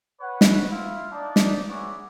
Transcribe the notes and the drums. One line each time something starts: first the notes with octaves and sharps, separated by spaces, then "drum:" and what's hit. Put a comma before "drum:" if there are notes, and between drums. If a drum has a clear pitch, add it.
B4 C#5 F#5
drum: snare
E4 F4 F5
D4 D#4 D5
drum: snare
B3 F#4 G#4 C#5 E5 D6